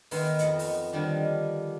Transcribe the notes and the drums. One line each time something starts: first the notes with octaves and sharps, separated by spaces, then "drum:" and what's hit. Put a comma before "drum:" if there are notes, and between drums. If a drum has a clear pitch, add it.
D#3 E3 B3 A#4 E5 C6, drum: open hi-hat
F2 D#5 F#5 A5, drum: hi-hat
drum: open hi-hat
D3 D#3 F3 G3 D4